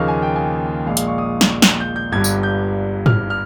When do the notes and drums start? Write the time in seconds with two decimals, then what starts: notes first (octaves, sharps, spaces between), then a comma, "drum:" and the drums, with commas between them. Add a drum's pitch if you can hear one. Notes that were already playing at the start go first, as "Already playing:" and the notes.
Already playing: D#2 C#3 F3 A#3 D#4 C#6 F6
0.08 G#5
0.22 G5
0.36 G#5
0.86 A#1 A#2 G#3 F5
0.97 F5, drum: hi-hat
1.07 C#6
1.18 D#6
1.41 drum: snare
1.62 drum: snare
1.80 G6
1.96 G6
2.12 G1 G2 G3 G#6
2.24 drum: tambourine
2.43 G6
3.06 F6, drum: tom G#2
3.30 F6